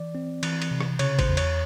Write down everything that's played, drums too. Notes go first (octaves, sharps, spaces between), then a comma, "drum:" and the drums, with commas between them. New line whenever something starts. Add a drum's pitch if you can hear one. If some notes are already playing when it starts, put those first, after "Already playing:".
Already playing: E3 D5
C4
E3, drum: cymbal
drum: cymbal
C3
drum: rim click
C#3 C#5, drum: cymbal
C5, drum: kick G#1, cymbal
E2
C#5, drum: cymbal